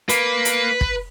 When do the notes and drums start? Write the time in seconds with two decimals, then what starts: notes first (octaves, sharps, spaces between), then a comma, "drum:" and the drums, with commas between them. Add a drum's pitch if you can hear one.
0.09 A#3 B4, drum: hi-hat
0.45 drum: hi-hat
0.81 drum: kick